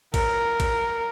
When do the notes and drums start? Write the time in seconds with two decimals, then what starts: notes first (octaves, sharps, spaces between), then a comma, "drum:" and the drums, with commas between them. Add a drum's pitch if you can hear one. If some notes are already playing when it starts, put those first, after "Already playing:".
0.14 A#4, drum: kick A1, cymbal
0.60 drum: kick A1, cymbal